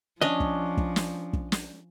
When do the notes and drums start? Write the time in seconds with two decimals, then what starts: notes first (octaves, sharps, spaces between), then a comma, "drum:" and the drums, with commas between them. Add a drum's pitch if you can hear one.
0.21 F3 C#4 D4 D#5
0.40 drum: kick
0.77 drum: kick
0.96 drum: snare
1.33 drum: kick
1.52 drum: snare